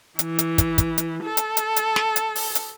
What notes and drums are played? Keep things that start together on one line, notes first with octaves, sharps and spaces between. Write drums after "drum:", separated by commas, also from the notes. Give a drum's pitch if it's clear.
E3, drum: hi-hat
drum: hi-hat
drum: kick, hi-hat
drum: kick, hi-hat
drum: hi-hat
A4
drum: hi-hat
drum: hi-hat
drum: hi-hat
drum: snare
drum: hi-hat
drum: open hi-hat
drum: hi-hat